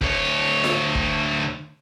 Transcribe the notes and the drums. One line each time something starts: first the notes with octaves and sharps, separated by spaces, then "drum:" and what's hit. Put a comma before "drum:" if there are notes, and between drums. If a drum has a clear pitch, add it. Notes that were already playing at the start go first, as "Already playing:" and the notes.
D2 C#5, drum: kick
drum: snare F4
drum: kick